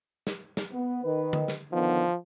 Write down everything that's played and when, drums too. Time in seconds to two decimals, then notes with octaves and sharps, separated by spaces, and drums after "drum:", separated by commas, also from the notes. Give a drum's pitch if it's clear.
0.27 drum: snare
0.57 drum: snare
0.72 B3
1.04 D#3 B4
1.33 drum: tom D3
1.48 drum: snare
1.73 D3 D#3 F3 B3